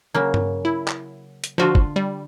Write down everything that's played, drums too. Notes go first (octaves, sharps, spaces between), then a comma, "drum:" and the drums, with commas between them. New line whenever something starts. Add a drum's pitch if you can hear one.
C#3 F#3 A#3
drum: tom G2
E4
drum: clap
drum: hi-hat
D3 F3 F4 F#4
drum: kick
G3